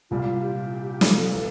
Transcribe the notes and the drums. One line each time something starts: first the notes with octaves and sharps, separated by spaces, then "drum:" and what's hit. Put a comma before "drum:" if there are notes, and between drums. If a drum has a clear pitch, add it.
C2 A#2 G3 F4
G4
A4, drum: snare
E3